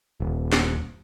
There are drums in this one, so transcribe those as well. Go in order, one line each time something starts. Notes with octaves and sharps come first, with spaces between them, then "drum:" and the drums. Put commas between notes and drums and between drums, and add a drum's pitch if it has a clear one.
D#1
drum: snare